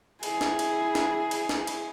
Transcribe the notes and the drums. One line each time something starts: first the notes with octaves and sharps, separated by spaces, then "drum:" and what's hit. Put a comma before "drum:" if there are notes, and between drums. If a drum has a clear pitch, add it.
E4 G#4, drum: cymbal
drum: snare
drum: cymbal
drum: snare
drum: cymbal
drum: snare
drum: cymbal